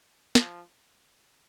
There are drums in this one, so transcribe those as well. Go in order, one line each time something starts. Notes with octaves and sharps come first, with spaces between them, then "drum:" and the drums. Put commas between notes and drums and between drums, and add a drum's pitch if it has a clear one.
F3, drum: snare